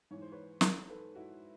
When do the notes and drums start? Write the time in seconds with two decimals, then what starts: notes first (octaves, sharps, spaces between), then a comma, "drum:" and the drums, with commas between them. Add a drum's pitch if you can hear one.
0.11 G#2 E3 C#5
0.22 C5
0.32 B4 C#5
0.61 drum: snare
0.89 A4 B4
1.15 E4 F#4